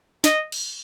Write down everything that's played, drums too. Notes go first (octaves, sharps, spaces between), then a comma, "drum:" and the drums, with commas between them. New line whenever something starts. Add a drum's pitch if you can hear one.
D#5, drum: snare
drum: cymbal